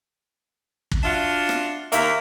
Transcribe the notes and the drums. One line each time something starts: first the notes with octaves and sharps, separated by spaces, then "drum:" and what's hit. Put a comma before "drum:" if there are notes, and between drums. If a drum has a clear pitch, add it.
drum: kick
D4 F4 F#4 E5
drum: rim click
D#2 A#3 E5, drum: hi-hat